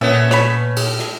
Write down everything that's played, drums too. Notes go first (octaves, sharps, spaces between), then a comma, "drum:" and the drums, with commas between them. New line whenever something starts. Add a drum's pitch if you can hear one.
A#2 A3 B3 C#4 E5
C#5 B5, drum: rim click
drum: cymbal
drum: rim click